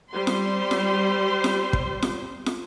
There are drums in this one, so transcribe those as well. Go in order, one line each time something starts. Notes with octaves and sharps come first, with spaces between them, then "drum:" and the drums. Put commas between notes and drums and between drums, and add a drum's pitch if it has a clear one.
G3 C5 C6
drum: snare
drum: snare
drum: snare
drum: kick
drum: snare
drum: snare